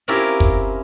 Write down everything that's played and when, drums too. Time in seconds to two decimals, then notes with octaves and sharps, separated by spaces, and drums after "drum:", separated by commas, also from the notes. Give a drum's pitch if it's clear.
0.08 C4 C#4 E4 F4 G4 A#4
0.40 drum: kick